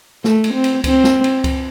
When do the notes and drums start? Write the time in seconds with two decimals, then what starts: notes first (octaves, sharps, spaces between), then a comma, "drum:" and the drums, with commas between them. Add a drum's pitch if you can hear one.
0.24 A3, drum: snare A#3
0.44 drum: cymbal
0.54 C4
0.64 drum: cymbal
0.84 C4, drum: kick C#2, cymbal
1.04 drum: snare A#3
1.24 drum: cymbal
1.44 drum: kick C#2, cymbal